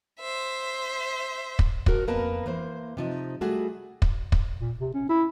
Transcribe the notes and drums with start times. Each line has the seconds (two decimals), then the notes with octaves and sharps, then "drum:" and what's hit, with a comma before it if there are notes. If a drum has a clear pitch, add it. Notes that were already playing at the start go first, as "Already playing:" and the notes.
0.20 C5 E5
1.59 drum: kick
1.86 F3 F#4 A#4, drum: kick
2.08 F2 A#3 B3 A#4 B4 A5
2.46 E3 A#3 C5
2.97 C3 F3 D#4
3.41 G3 A3 F#4 G#4
4.02 drum: kick
4.32 drum: kick
4.60 A#2
4.79 C3
4.94 C#4
5.09 E4